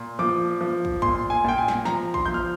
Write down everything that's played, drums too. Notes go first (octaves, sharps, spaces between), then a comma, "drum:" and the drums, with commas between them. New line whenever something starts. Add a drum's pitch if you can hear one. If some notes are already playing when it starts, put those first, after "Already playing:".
Already playing: A#2
F3 D6
F3
drum: kick
A#2 C6, drum: kick
G#5
A#2 G5
G#5
drum: snare
F3 A#5, drum: snare
C6, drum: kick
F3 G6
F6